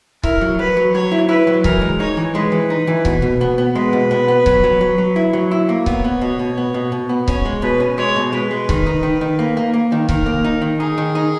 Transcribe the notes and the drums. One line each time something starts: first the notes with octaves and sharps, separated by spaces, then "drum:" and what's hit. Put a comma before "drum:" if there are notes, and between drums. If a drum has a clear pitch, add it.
E4 A#4, drum: kick C#1
F#3
F#3 B4
F#3
F#3 C#5
E4
E4 B4
F#3
E3 A#4, drum: kick C#1
G#3
D#4 C#5
E3
G#3 B4
E3
D#4
E3
B2, drum: kick C#1
B2
B3
B3
G#3 B4
B2
B3
B3
F#3, drum: kick C#1
F#3
F#3
F#3
E4
F#3
E4
A#3
B3 C#5, drum: kick C#1
B3
B2
B2
B3
B2
B2
B3
C#4 C#5, drum: kick C#1
G#3
B2 B4
C#4
G#3 C#5
B2
G#3 B4
G#3
D#3, drum: kick C#1
D#4
D#3
D#3
A#3
A#3
A#3
D#3
D#3 A#4, drum: kick C#1
A#3
D#4
D#3
D#4 G#4
D#3
D#4